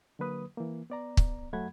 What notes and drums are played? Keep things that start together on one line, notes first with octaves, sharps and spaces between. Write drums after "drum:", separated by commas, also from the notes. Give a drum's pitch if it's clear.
D3 F#3 A#3 B4 D#6
E3 A#3
B3 D5 A#5
drum: kick
F#2 F#3 A3 F#5 B5 G#6